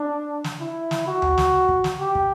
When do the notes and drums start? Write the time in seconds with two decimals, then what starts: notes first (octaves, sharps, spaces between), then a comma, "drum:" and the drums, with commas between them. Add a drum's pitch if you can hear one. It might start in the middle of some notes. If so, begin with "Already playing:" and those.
Already playing: D4
0.44 drum: snare
0.60 E4
0.91 drum: snare
1.07 F#4
1.22 drum: tom D2
1.38 drum: snare
1.69 drum: kick
1.84 drum: snare
2.00 G4
2.15 drum: kick